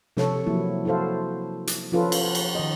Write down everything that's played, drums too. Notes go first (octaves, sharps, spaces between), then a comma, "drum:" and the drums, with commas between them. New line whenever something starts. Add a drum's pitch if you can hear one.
C3 F3 A4 C#5, drum: snare
F3 F#3 A#3 E4
E4 F#4 A4 C5 F5
drum: hi-hat
F3 C#4 F4 A4 B4
drum: cymbal
drum: cymbal
D#3 D#5